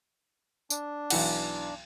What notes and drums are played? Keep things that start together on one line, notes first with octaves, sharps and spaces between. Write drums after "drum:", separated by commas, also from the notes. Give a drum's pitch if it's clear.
D4, drum: tambourine
B1 E3 F#5, drum: cymbal